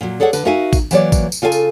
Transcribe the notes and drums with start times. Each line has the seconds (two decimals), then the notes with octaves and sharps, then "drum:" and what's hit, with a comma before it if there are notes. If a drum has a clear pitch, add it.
0.01 A#2 F#3
0.20 G#4 A4 C#5 D5 F#5
0.33 D3 B4, drum: tambourine
0.45 D#4 F#4 A#4 E5 F5 G#5
0.73 drum: kick A1, tambourine
0.91 E3 F#3 A#3 A#4 C#5 D5, drum: tambourine
1.12 drum: kick A1, tambourine
1.32 drum: tambourine
1.42 C#3 F4 A4 E5 G#5
1.52 drum: tambourine